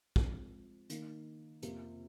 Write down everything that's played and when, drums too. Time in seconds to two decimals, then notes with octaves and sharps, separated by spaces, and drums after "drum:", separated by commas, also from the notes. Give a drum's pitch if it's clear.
0.16 F3 G#3 C4, drum: kick
0.90 D#3 A#3 D#4, drum: hi-hat
1.62 F2 C3 F3 A#3, drum: hi-hat